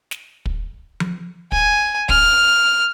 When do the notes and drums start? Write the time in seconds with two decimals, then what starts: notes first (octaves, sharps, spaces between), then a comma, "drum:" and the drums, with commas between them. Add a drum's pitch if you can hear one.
0.11 drum: snare
0.46 drum: kick
1.00 drum: tom F3
1.52 G#5, drum: kick
2.09 F6, drum: kick